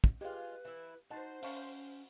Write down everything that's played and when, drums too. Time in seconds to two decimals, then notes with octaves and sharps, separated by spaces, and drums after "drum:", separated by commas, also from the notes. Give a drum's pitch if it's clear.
0.04 drum: kick
0.21 G#3 F4 G4 B4 C#5 F5
0.65 E3 E4
1.11 D#4 F#4 C5 D#5 A5
1.43 C#4 F5 A5 C#6, drum: open hi-hat